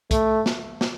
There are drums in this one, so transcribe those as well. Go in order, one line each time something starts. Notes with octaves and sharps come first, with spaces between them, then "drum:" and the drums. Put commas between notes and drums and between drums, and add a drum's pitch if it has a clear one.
A3, drum: kick, hi-hat
drum: snare
drum: snare